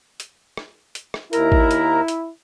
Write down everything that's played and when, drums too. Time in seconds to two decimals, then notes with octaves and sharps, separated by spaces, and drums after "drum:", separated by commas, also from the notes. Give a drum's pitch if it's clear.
0.20 drum: hi-hat
0.57 drum: rim click
0.95 drum: hi-hat
1.14 drum: rim click
1.33 D#2 E4 A#4 A#5, drum: hi-hat
1.52 drum: kick
1.71 drum: hi-hat
2.08 drum: hi-hat